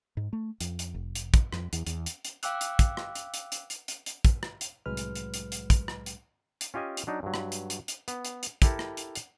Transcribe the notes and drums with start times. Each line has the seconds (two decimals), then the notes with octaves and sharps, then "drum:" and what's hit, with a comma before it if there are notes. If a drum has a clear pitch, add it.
0.17 G#2
0.33 A3
0.61 F2, drum: hi-hat
0.79 drum: hi-hat
0.94 F1
1.15 drum: hi-hat
1.34 drum: kick, hi-hat
1.52 F2, drum: rim click
1.73 E2, drum: hi-hat
1.87 E2, drum: hi-hat
2.06 drum: hi-hat
2.25 drum: hi-hat
2.43 F5 G5 D6 E6 F#6, drum: hi-hat
2.61 drum: hi-hat
2.79 drum: kick, hi-hat
2.97 drum: rim click
3.15 drum: hi-hat
3.34 drum: hi-hat
3.52 drum: hi-hat
3.70 drum: hi-hat
3.88 drum: hi-hat
4.06 drum: hi-hat
4.25 drum: kick, hi-hat
4.43 drum: rim click
4.61 drum: hi-hat
4.86 C2 A2 F#3 G#3 B4 F6
4.97 drum: hi-hat
5.15 drum: hi-hat
5.34 drum: hi-hat
5.52 drum: hi-hat
5.70 drum: kick, hi-hat
5.88 drum: rim click
6.06 drum: hi-hat
6.61 drum: hi-hat
6.74 C#4 F4 G4 D#5 G#5
6.97 drum: hi-hat
7.07 F#3 D4 D#4
7.23 G2 F#3
7.34 drum: rim click
7.52 drum: hi-hat
7.70 drum: hi-hat
7.88 drum: hi-hat
8.08 B3, drum: hi-hat
8.25 drum: hi-hat
8.43 drum: hi-hat
8.62 E4 G4 A4 A#4, drum: kick, hi-hat
8.79 drum: rim click
8.97 drum: hi-hat
9.15 drum: hi-hat